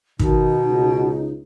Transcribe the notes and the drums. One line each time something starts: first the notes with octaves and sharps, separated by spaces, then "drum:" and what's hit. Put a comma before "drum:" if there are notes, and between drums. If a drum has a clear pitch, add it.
B2 D#3 D#4, drum: kick
C#2